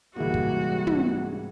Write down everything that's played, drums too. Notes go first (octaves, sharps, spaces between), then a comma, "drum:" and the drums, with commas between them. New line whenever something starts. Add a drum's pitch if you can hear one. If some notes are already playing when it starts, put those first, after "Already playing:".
C2 G#2 E3 G3 G#3 A#3 F#4
drum: kick
drum: tom